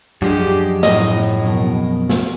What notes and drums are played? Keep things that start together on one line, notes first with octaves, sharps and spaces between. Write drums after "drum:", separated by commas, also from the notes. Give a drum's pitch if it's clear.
F#2 F3 G#3 D4 G4
A2 C#3 F#3 D#5, drum: snare
F2 B2 A#4
drum: snare